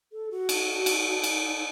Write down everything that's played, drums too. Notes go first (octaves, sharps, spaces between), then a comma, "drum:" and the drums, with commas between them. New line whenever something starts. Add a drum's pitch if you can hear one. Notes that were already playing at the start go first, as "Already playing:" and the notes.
A4
F#4
drum: cymbal
drum: cymbal
drum: cymbal